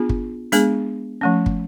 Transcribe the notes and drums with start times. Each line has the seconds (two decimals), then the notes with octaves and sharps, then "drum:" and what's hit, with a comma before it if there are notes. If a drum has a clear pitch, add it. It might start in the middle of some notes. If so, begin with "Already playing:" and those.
Already playing: B3 D4 F4 G#4
0.09 drum: kick
0.52 G#3 B3 D4 G#4, drum: hi-hat
1.21 F3 A3 C#4
1.46 drum: kick